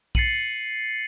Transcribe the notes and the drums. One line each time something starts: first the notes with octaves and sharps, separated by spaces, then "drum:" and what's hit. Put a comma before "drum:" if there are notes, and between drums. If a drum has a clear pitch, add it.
A6 C7 C#7 D#7 F#7, drum: kick A#1